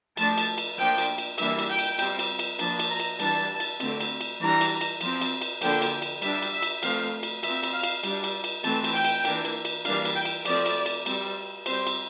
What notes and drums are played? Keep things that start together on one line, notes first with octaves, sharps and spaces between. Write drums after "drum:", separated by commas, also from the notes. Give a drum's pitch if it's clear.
F3 A3 D4 A5, drum: cymbal
drum: cymbal
drum: cymbal
F3 A#3 D4 G5
drum: cymbal
drum: cymbal
E3 G3 A#3 D4 E5, drum: cymbal
drum: cymbal
G5
drum: cymbal
G3 C4, drum: cymbal
drum: cymbal
drum: cymbal
F3 A#3 D4 A5, drum: cymbal
drum: cymbal
A#5
drum: cymbal
E3 G3 D4 A5, drum: cymbal
drum: cymbal
D3 A3 C4, drum: cymbal
drum: cymbal
drum: cymbal
E3 G3 D4 A#5
drum: cymbal
drum: cymbal
F3 C4, drum: cymbal
drum: cymbal
drum: cymbal
D3 F3 A#3 D4 G5, drum: cymbal
drum: cymbal
drum: cymbal
G3 D4 E5, drum: cymbal
drum: cymbal
E5
drum: cymbal
F3 A3 C4 F5, drum: cymbal
drum: cymbal
F3 C4 E5, drum: cymbal
drum: cymbal
F5
drum: cymbal
G3 D4, drum: cymbal
drum: cymbal
drum: cymbal
E3 A3 C4 A5, drum: cymbal
drum: cymbal
G5
drum: cymbal
E3 A#3 D4, drum: cymbal
drum: cymbal
drum: cymbal
E3 G3 A#3 D4 F5, drum: cymbal
drum: cymbal
G5
drum: cymbal
F3 A3 C4 D5, drum: cymbal
drum: cymbal
drum: cymbal
G3 C4, drum: cymbal
G3 C4 C5, drum: cymbal
drum: cymbal